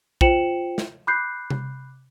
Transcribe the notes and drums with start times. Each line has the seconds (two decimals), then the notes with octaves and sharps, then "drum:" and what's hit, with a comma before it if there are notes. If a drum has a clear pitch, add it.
0.21 F4 C5 G5 C#7 E7 F#7, drum: kick
0.78 drum: snare
1.07 B5 D6 F#6 G6 C7
1.50 drum: tom C3